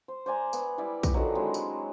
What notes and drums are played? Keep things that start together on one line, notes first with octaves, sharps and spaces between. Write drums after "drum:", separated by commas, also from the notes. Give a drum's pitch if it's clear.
C5
C5 D5 G#5 A#5
B3, drum: tambourine
G3 E4 D5 E5
drum: kick, tambourine
D3 D#3 F3 F#3
F#3 G#3 C4 E4
drum: tambourine